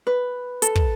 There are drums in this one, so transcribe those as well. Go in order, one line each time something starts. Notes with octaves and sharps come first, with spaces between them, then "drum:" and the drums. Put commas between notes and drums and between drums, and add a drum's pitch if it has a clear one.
B4
A4, drum: hi-hat
drum: kick